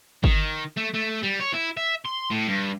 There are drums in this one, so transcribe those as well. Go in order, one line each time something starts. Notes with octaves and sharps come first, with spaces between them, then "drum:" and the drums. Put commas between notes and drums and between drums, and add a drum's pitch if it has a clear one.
D#3, drum: kick G1
A3
A3
G3
C#5
E4
E5
C6
A2
G2